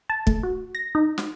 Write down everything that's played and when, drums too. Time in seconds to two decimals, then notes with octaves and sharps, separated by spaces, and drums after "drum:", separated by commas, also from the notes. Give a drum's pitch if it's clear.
0.10 A5
0.27 A3, drum: kick
0.43 F#4
0.75 A#6
0.95 D#4
1.18 drum: snare